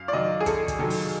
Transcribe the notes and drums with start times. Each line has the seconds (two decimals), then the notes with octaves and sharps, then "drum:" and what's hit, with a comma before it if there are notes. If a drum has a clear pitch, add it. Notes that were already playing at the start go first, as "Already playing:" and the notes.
Already playing: F#2 F5
0.08 D5
0.13 D#3 F#3 D#5
0.40 G#4
0.46 F#2 A4, drum: kick, hi-hat
0.68 drum: kick, hi-hat
0.79 D#3 F#3 A4
0.90 drum: open hi-hat